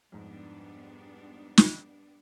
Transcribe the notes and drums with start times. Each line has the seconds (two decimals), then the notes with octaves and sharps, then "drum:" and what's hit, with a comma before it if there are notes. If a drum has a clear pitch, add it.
0.12 F2 G#2 G3 B3 D4
1.58 drum: snare